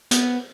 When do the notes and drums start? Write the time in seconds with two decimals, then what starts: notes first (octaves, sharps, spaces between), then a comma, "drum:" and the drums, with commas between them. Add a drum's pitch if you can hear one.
0.11 B3, drum: hi-hat